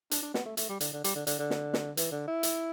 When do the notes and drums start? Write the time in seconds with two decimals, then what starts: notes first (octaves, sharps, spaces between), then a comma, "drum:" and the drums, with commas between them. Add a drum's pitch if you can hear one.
0.11 D4, drum: hi-hat
0.23 D4
0.34 B3, drum: snare
0.46 A3
0.57 A3, drum: hi-hat
0.69 G3
0.80 D3, drum: hi-hat
0.93 D3
1.04 G3, drum: hi-hat
1.15 D3
1.27 D3, drum: hi-hat
1.39 D3
1.50 drum: snare
1.74 drum: snare
1.97 E3, drum: hi-hat
2.12 D3
2.28 E4
2.43 drum: hi-hat